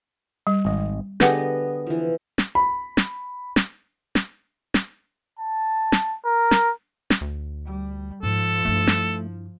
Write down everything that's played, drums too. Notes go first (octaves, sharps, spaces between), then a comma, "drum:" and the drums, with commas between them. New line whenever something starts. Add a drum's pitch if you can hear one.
G3
G#1 D#5
D3 B3 G4 G#4 B4 D#5 F#5, drum: snare
E3 F3
drum: snare
B5
drum: snare
drum: snare
drum: snare
drum: snare
A5
drum: snare
A#4
drum: snare
drum: snare
D2
G3
G#2 F3 A4
G2 A3 E4
drum: snare